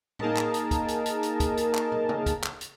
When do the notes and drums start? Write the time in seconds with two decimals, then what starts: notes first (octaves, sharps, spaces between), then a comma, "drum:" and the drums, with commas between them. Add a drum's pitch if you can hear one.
0.19 A#3 D#4 G#4 A#4 D#5 A5, drum: tom A2
0.37 drum: clap
0.54 drum: hi-hat
0.71 drum: kick, hi-hat
0.88 drum: hi-hat
1.06 drum: hi-hat
1.23 drum: hi-hat
1.40 drum: kick, hi-hat
1.57 drum: hi-hat
1.75 drum: clap
1.92 drum: tom
2.09 drum: tom
2.26 drum: kick, hi-hat
2.44 drum: clap
2.61 drum: hi-hat